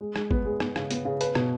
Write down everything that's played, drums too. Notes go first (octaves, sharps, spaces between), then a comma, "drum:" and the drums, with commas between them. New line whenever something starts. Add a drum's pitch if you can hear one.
G#3
G#3, drum: rim click
B3, drum: kick
G#3
B3, drum: rim click
C#3, drum: rim click
B3, drum: hi-hat
C#3
B4, drum: hi-hat
B2, drum: rim click